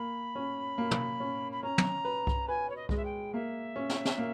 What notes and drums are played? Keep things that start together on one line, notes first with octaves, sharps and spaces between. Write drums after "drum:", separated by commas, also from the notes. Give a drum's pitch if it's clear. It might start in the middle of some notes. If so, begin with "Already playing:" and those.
Already playing: A#3 B5
C#4
A#3
drum: tom
C#4
B5
C#4 A#5
drum: tom
B4
drum: kick C2
B4 G#5
C#5
D#5
G#3 D#5, drum: kick C2
E5
G5
A#3 E5
C#4
drum: snare
drum: snare
A#3